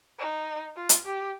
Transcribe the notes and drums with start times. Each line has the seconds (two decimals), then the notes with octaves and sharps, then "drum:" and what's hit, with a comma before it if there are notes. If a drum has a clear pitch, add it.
0.19 D#4
0.76 F4
0.89 drum: hi-hat
1.05 G4